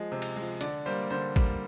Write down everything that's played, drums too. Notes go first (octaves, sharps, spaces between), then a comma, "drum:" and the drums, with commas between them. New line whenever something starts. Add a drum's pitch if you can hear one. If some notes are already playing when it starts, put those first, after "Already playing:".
Already playing: F3 G#3
C3
drum: cymbal
F3 G#3
D3 D5, drum: hi-hat
G3 A#3 C5
D3 C5
G3 A#3, drum: kick